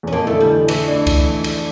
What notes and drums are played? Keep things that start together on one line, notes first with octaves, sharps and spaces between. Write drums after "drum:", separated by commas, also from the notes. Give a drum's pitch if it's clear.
E2
C#4
F2 A#3
D3 E3 A3
G3
E3
E3 A3, drum: cymbal
D4
drum: kick C2, cymbal
drum: cymbal